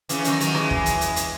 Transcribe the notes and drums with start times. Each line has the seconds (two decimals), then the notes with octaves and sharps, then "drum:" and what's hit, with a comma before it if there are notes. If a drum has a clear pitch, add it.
0.09 C#3 E3, drum: hi-hat
0.24 D#3 F#3, drum: hi-hat
0.40 D#3 F#3, drum: hi-hat
0.55 E3 G#3, drum: rim click
0.70 drum: kick
0.86 drum: hi-hat
1.01 drum: hi-hat
1.16 drum: hi-hat